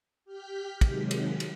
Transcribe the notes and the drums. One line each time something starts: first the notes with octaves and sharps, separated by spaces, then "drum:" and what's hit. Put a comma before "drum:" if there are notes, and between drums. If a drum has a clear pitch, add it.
G4 F6 G6 B6
C3 D#3 F#3 G#3, drum: kick, cymbal
drum: cymbal
drum: cymbal